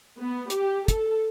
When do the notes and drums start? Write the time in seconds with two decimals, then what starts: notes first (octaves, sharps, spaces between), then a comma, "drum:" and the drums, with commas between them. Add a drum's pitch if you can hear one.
0.19 B3
0.50 G4, drum: hi-hat
0.88 A4, drum: kick, hi-hat